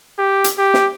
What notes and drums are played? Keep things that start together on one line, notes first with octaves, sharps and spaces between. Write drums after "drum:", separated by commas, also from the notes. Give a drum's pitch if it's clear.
G4
drum: hi-hat
G4
drum: snare